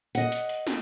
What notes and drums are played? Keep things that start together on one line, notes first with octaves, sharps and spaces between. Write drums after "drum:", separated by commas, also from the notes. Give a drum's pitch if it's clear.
D#5 F#5, drum: hi-hat
drum: hi-hat
drum: hi-hat
drum: snare